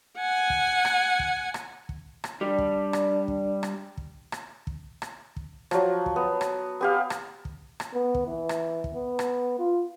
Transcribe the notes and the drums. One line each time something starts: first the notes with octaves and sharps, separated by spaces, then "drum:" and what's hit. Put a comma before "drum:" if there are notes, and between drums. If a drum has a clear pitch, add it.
F#5 G#5
drum: kick
drum: rim click
drum: kick
drum: rim click
drum: kick
drum: rim click
G3 D4
drum: kick
drum: rim click
drum: kick
drum: rim click
drum: kick
drum: rim click
drum: kick
drum: rim click
drum: kick
F3 F#3, drum: rim click
drum: kick
B3
drum: rim click
B3 G4 F5
drum: rim click
drum: kick
drum: rim click
B3
drum: kick
E3
drum: rim click
drum: kick
B3
drum: rim click
F4